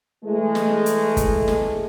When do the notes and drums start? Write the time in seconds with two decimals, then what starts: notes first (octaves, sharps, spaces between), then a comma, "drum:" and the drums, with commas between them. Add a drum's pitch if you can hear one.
0.24 E3 G#3 A3
0.55 drum: snare
0.86 drum: hi-hat
1.17 drum: kick, hi-hat
1.48 drum: snare